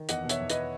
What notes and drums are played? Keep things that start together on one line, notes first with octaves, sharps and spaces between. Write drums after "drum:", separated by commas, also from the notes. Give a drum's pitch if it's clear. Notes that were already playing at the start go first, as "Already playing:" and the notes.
Already playing: D#3
E2 D#5 F#5, drum: hi-hat
B2
C#5 E5, drum: hi-hat
E2
B4 D#5, drum: hi-hat